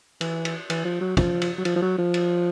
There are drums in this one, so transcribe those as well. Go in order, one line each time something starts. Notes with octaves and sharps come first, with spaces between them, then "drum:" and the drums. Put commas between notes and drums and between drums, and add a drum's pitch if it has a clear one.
E3, drum: cymbal
drum: cymbal
E3, drum: cymbal
F3
F#3
F3, drum: kick, cymbal
drum: cymbal
F#3
F3, drum: cymbal
F3
F#3
F3
drum: cymbal